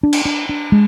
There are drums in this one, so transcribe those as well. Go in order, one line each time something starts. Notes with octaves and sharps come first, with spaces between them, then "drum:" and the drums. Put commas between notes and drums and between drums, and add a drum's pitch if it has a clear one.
D4
drum: cymbal
D4
D4
G#3